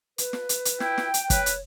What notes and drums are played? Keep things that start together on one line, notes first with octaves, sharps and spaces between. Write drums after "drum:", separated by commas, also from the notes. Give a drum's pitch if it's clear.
B4, drum: hi-hat
drum: snare
drum: hi-hat
drum: hi-hat
E4 G5, drum: snare
drum: snare
drum: hi-hat
B4 C#5, drum: kick, hi-hat
drum: hi-hat